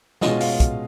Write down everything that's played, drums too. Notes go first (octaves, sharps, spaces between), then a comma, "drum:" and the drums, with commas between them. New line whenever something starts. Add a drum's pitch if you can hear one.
B2 G#3 C#4 F4 D#5, drum: snare
F5, drum: open hi-hat
drum: kick, hi-hat